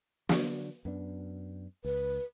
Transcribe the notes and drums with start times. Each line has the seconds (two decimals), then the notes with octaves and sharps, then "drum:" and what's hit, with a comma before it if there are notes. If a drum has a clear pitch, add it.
0.29 D3 F#3 D4, drum: snare
0.85 F#2 B3 D4
1.84 C#2 B4